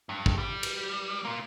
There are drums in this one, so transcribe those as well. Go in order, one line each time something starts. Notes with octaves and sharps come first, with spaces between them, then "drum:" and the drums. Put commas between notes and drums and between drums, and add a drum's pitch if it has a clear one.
G2
drum: kick
G3
drum: cymbal
A#3 F4